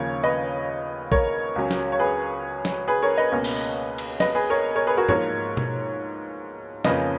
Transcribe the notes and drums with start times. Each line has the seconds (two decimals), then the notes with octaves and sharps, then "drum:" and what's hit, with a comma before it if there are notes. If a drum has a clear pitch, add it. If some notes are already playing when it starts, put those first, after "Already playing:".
Already playing: D#2 C#3 F3 A#3 C#4 A#4 C#5
0.24 B4 D#5
1.12 A#4 C#5, drum: kick
1.56 C#2 C#3 F#3 C#4
1.71 drum: snare
1.92 C#5
1.99 G#4 B4
2.65 drum: snare
2.88 G#4 B4
3.02 A#4 C#5
3.18 B4 D#5
3.32 C#2 B2 A#3 C#4
3.44 drum: open hi-hat
3.98 drum: cymbal
4.20 B4 D#5, drum: snare
4.35 G#4 B4
4.50 A#4 C#5
4.76 A#4 C#5
4.87 G#4 B4
4.97 F#4 A#4
5.09 G#2 F3 A#3 A#4 C#5, drum: tom G#2
5.57 drum: tom B2
6.85 F2 C#3 F3 A#3 C#4 B4 D#5, drum: snare